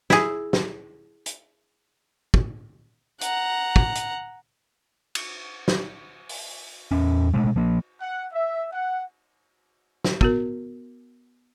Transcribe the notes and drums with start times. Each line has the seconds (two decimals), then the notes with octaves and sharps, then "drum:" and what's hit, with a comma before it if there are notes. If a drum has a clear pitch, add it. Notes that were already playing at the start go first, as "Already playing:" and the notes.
0.10 E4 G#4, drum: snare
0.53 drum: snare
1.26 drum: hi-hat
2.34 drum: kick
3.21 F#5 A#5, drum: hi-hat
3.76 drum: kick
3.95 drum: hi-hat
5.15 drum: cymbal
5.68 drum: snare
6.29 drum: open hi-hat
6.91 E2 C#4
7.34 B2 G#3 A3
7.56 F3 A#3
8.01 F#5
8.33 E5
8.72 F#5
10.04 drum: snare
10.21 B3 F#4 A#4, drum: kick